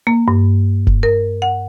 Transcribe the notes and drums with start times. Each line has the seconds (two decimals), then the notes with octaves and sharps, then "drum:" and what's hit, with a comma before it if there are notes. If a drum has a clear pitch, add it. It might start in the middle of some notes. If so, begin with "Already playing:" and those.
0.07 A#3
0.28 G2
0.87 drum: kick F1
1.03 A#4
1.42 F#5